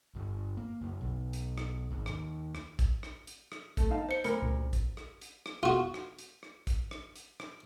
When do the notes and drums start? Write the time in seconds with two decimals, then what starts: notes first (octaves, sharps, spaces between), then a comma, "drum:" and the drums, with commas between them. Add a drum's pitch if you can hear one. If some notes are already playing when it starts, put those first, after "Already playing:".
0.15 G1
0.57 A#3
0.81 F#1
1.01 B1
1.33 drum: hi-hat
1.58 drum: rim click
1.90 G#1
2.06 D#2, drum: rim click
2.55 drum: rim click
2.79 drum: kick, hi-hat
3.03 drum: rim click
3.27 drum: hi-hat
3.52 drum: rim click
3.77 A3, drum: kick, hi-hat
3.90 D#4 F5 A5
4.09 C5 C#7
4.24 D2 A#4 B5 C#7, drum: hi-hat
4.42 C#2 A#2 C#4
4.73 drum: kick, hi-hat
4.97 drum: rim click
5.21 drum: hi-hat
5.46 drum: rim click
5.63 F4 F#4
5.94 drum: rim click
6.19 drum: hi-hat
6.43 drum: rim click
6.67 drum: kick, hi-hat
6.91 drum: rim click
7.16 drum: hi-hat
7.40 drum: rim click